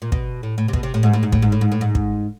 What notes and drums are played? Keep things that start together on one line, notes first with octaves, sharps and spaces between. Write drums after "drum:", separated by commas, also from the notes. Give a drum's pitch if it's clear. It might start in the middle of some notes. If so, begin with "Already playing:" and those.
A#2
B2, drum: kick
A2
A2
C3
B2, drum: kick
C3
A2
G#2
A2
G#2
A2, drum: kick
G#2
A2
G#2
A2
G#2
drum: kick